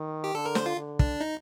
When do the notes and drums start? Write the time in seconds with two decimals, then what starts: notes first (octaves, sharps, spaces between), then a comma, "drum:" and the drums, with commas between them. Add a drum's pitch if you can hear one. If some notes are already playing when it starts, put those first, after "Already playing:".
Already playing: D#3
0.24 G4
0.34 D3 A4
0.46 A#4
0.55 C5, drum: snare
0.66 F4
0.77 D3
0.99 D4, drum: kick
1.21 D#4